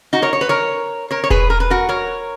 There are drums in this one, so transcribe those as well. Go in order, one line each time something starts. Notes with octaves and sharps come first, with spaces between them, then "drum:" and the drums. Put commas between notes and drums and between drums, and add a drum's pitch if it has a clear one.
D#4 F#4
A#4 C#5
C#5
B4
A#4 C#5
A#4 C#5
C#5
G#4 B4, drum: kick E1
A#4
B4
F#4 A#4
A#4 C#5